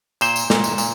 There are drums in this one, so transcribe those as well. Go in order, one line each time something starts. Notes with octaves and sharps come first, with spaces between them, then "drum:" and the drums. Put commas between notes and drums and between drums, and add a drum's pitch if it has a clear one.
A#2 C5, drum: tambourine
drum: tambourine
A#2, drum: snare
drum: tambourine
A#2, drum: tambourine